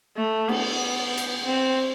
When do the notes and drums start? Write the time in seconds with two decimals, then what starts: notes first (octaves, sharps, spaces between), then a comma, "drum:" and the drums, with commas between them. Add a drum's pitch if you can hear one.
0.17 A3
0.49 B3, drum: cymbal
1.17 drum: hi-hat
1.45 C4